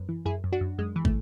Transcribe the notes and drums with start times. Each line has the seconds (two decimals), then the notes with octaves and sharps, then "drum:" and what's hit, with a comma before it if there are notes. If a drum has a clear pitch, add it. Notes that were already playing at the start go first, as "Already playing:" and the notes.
Already playing: F#2 B3
0.09 E3
0.26 F#2 E4 G#4
0.44 F#2
0.52 D4 F#4
0.61 F#2
0.78 F#2 G#3
0.96 E3
1.05 A3, drum: kick